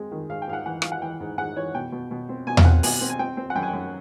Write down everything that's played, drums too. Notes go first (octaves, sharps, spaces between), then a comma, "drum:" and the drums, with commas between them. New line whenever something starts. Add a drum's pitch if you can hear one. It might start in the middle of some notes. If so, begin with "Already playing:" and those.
Already playing: G#3 C4
D#3
G#2 F5
G5
G#2 F5
F#5
E3 F#5
E3 F5, drum: rim click
F#5
E3 G5
G#2
G#2 F#5
E3 C#5
B2 G5
B2
B2
C4
B2 G#5
F5, drum: tom E2
C4 F#5
B2 G#5, drum: open hi-hat
C4
G#5
C4 G5
C4
F#5
F#2 G5
G#5
G5
F#2